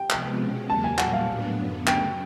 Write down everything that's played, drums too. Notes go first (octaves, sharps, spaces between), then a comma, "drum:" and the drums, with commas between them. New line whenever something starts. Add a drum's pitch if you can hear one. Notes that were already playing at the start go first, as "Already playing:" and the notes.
Already playing: G5
C3 F3 G#3 B3, drum: clap
B2 G#3 C#4
E2 C#3 F#3 A#3 A5
G#5
A#2 G3 A#3 F#5, drum: clap
F5
A2 F#3 B3 D4
F#2 D3 F#3 B3
C#3 F#3 A3 G5, drum: clap